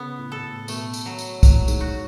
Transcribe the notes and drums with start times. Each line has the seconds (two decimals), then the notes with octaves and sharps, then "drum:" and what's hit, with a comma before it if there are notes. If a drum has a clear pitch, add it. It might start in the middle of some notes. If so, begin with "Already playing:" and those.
Already playing: C#3 B3
0.19 A2
0.32 A4
0.43 A2
0.68 B2 A3, drum: tambourine
0.94 drum: tambourine
1.06 F#3
1.18 drum: tambourine
1.43 A2 F#3, drum: kick, tambourine
1.68 G#2, drum: tambourine
1.81 F#4